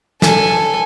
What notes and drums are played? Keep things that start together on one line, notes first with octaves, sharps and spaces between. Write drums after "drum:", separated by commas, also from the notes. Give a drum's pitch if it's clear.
A4 G#5, drum: snare